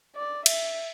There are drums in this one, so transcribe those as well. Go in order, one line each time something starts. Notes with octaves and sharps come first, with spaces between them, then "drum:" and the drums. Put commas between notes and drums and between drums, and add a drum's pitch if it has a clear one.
D5
E5, drum: cymbal